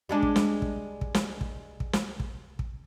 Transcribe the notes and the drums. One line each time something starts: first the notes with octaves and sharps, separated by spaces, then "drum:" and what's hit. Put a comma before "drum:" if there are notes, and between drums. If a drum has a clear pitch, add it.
G3 G#3 D4
drum: kick
drum: snare
drum: kick
drum: kick
drum: snare
drum: kick
drum: kick
drum: snare
drum: kick
drum: kick